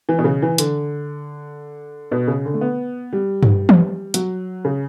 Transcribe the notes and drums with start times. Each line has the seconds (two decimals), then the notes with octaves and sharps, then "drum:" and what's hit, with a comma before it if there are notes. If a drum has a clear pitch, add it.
0.09 E3
0.19 B2
0.24 C#3
0.42 E3
0.58 D3, drum: hi-hat
2.12 B2
2.27 C#3
2.45 D3
2.54 A3
2.61 B3
3.13 G3
3.43 drum: tom G2
3.69 drum: tom E3
4.14 F#3, drum: hi-hat
4.65 C#3